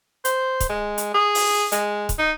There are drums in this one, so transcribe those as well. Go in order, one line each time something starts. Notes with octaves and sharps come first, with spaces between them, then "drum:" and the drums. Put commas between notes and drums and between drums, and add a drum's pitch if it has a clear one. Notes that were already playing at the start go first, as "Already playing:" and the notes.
C5, drum: hi-hat
drum: kick, hi-hat
G#3
drum: hi-hat
G#4
drum: open hi-hat
G#3, drum: hi-hat
drum: kick, hi-hat
D#4